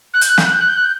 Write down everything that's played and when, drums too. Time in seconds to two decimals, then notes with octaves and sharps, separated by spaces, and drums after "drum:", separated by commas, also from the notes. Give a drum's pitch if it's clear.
0.14 F#6
0.21 G6, drum: hi-hat
0.29 F#6
0.38 G6, drum: snare
0.45 F#6
0.53 G6
0.60 F#6
0.68 G6
0.77 F#6
0.85 G6